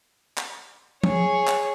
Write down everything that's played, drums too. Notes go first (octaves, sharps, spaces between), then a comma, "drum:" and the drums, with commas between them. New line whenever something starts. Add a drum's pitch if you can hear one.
drum: clap
G#4 C#5, drum: tom F3
drum: clap